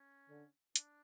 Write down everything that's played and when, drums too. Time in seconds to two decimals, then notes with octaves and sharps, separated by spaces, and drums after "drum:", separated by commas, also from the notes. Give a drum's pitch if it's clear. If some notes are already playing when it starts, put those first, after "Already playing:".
Already playing: C#4
0.29 D3
0.76 D4, drum: hi-hat